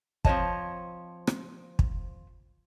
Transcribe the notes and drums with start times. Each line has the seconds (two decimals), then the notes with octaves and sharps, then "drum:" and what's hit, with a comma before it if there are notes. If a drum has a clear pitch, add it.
0.25 F3 C4 B4 C#5 D#5 A5, drum: kick
1.27 drum: rim click
1.79 drum: kick